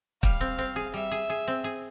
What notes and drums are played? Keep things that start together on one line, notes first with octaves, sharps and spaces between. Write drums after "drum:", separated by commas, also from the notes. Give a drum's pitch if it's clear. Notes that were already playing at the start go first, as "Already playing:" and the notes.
G3 F5, drum: kick
C4
C4
G#4
G3 E5
G#4
G#4
C4
G#4